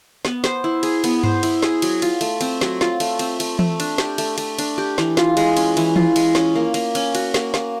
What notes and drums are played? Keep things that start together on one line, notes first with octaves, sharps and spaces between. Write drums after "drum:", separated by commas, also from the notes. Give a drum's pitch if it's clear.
B3, drum: snare
C5, drum: snare
E4
G#4, drum: cymbal
B3, drum: cymbal
C5, drum: tom G2
E4, drum: cymbal
G#4, drum: snare
F#3, drum: cymbal
F4, drum: cymbal
A3, drum: cymbal
C4, drum: cymbal
F#3, drum: snare
F4, drum: snare
A3, drum: cymbal
C4, drum: cymbal
A3, drum: cymbal
A3, drum: tom E3
D4, drum: cymbal
G4, drum: snare
A3, drum: cymbal
A3, drum: cymbal
D4, drum: cymbal
G4
E3, drum: snare
F4, drum: snare
G#3, drum: cymbal
C#4, drum: cymbal
E3, drum: cymbal
F4, drum: tom E3
G#3, drum: cymbal
C#4, drum: snare
A#3
A#3, drum: cymbal
C#4, drum: cymbal
F#4, drum: cymbal
A#3, drum: snare
A#3, drum: snare